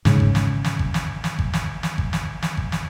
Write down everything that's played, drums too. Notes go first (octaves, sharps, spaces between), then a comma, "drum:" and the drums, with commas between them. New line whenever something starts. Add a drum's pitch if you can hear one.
G#2 C#3, drum: snare
drum: kick G#1
drum: snare
drum: snare
drum: kick G#1
drum: snare
drum: snare
drum: kick G#1
drum: snare
drum: snare
drum: kick G#1
drum: snare
drum: snare
drum: kick G#1
drum: snare